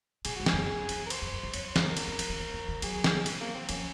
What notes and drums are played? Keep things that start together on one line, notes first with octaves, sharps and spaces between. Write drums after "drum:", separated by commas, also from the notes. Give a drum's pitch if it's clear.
A#2 G#4, drum: cymbal
G#2 F#4
G#4, drum: snare
F#2
F#2
F#2, drum: cymbal
A#4
C5, drum: cymbal
F#2
F2
F#2
F2 C#5, drum: cymbal
C5
F#2, drum: snare
A#4
A#4, drum: cymbal
F3
D#3, drum: cymbal
D#3
D#3
D#3
D#3
F#3 G#4, drum: cymbal
drum: snare
drum: cymbal
A#3
C4
F3 C#4, drum: cymbal